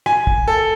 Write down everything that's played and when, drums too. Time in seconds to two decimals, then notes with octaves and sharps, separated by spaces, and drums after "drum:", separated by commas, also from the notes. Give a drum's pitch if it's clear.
0.06 G#5, drum: rim click
0.27 drum: kick
0.48 A4